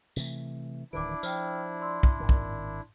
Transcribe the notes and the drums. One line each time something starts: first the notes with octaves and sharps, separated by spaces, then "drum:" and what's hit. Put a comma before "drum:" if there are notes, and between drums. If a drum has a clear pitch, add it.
C3 E3 A3, drum: tambourine
D1 D#3 E3 D4 E4 D6 D7
F3 G5 E6 F6, drum: tambourine
D5 C6 E6
drum: kick
G#1 D#3
drum: kick